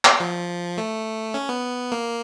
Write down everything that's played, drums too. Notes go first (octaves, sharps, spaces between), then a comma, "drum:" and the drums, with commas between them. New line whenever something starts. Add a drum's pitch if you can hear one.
drum: clap
F3
A3
C#4
B3
A#3